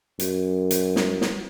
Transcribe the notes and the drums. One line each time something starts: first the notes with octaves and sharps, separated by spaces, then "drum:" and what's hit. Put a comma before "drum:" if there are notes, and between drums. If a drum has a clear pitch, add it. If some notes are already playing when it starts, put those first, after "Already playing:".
F#2, drum: hi-hat
drum: hi-hat
drum: snare
drum: snare